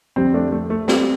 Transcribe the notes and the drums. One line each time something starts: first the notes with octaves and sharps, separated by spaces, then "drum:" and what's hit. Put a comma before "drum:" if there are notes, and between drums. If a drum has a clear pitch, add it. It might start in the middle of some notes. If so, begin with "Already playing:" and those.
F2 D3 G3 C4
A3 D4
A3
A3
G3 C4, drum: snare